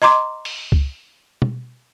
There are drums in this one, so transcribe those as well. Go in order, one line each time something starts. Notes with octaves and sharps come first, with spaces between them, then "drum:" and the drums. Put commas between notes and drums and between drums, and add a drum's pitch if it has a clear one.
D#5 A#5 C6 D6
drum: open hi-hat
drum: kick C#2
drum: tom